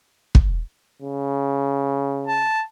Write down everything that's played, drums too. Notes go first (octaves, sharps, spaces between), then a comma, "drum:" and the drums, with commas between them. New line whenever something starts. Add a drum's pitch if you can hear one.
drum: kick
C#3
A5